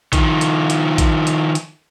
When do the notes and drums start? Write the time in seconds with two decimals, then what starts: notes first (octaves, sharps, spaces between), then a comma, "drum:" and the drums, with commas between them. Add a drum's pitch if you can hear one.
0.13 D#3 F3, drum: kick, hi-hat
0.41 drum: hi-hat
0.70 drum: hi-hat
0.98 drum: kick, hi-hat
1.27 drum: hi-hat
1.55 drum: hi-hat